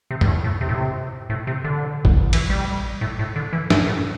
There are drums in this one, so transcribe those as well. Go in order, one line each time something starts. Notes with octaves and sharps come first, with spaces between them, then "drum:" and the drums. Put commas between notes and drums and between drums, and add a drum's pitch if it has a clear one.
C3
G2, drum: tom E2
A2
A2
C3
A2
C3
A2
C3
D3
drum: kick A1
E3, drum: cymbal
G3
A2
A2
D3
E3
G2, drum: snare
A2